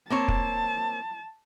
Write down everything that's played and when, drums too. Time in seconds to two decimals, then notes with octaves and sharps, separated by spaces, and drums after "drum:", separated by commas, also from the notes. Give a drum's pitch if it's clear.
0.10 A#3 C4 C#5 A5
0.28 drum: kick